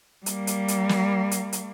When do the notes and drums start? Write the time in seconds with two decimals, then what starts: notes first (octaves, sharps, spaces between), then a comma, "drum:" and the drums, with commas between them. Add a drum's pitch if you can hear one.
0.26 G3 A#3, drum: hi-hat
0.47 drum: hi-hat
0.68 drum: hi-hat
0.89 drum: snare
1.31 drum: hi-hat
1.53 drum: hi-hat